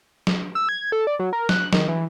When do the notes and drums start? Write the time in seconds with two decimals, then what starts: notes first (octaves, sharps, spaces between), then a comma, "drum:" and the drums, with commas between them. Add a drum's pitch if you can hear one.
0.27 drum: snare
0.55 E6
0.69 G#6
0.92 A4
1.07 D5
1.19 F#3
1.33 A#4
1.49 F#6, drum: snare
1.73 D#3, drum: snare
1.88 E3